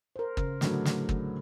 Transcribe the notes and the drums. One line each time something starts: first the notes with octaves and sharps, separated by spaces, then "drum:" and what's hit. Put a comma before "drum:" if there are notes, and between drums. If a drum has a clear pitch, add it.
A#4 C5
C#3, drum: kick
A2 D3 F#3, drum: snare
drum: snare
drum: kick